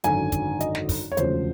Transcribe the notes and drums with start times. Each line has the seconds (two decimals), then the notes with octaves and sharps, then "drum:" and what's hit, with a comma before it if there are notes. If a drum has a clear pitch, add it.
0.04 G#1 F#2 D3 F#3 G#5, drum: hi-hat
0.32 drum: kick, hi-hat
0.60 D#5, drum: hi-hat
0.75 drum: snare
0.89 drum: kick, open hi-hat
1.12 C#5
1.17 E1 D2 C#3 F3 C5, drum: hi-hat